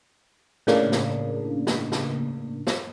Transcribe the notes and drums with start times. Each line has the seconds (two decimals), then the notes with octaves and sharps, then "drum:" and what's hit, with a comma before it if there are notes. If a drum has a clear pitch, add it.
0.67 A2 C#3 A#3 D4, drum: snare
0.92 drum: snare
1.67 drum: snare
1.92 drum: snare
2.67 drum: snare